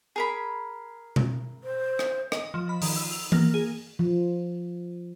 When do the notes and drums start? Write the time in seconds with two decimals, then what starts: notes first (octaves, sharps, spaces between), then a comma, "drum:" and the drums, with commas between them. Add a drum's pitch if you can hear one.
0.16 G#4 A#4 B5
1.16 drum: tom B2
1.64 C5
1.99 drum: rim click
2.32 D#5, drum: rim click
2.54 F3
2.69 B5
2.82 D#3, drum: open hi-hat
2.96 E6
3.12 F7
3.32 A#3, drum: tom E3
3.54 G#4
3.99 F3